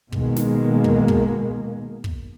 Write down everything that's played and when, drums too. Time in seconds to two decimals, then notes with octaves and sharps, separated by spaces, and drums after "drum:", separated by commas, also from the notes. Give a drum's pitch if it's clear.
0.12 B2 D#3 G#3 A#3, drum: kick
0.36 drum: snare
0.84 drum: kick
1.08 drum: kick
2.04 drum: kick